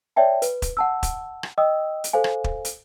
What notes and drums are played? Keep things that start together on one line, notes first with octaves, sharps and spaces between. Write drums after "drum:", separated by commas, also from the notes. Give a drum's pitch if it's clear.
C#5 D5 E5 G5 A5
B4, drum: hi-hat
drum: kick, hi-hat
F#5 A5 E6
drum: kick, hi-hat
drum: rim click
D#5 G5 D#6 E6
drum: hi-hat
A4 C5 F5 G#5
drum: rim click
drum: kick
drum: hi-hat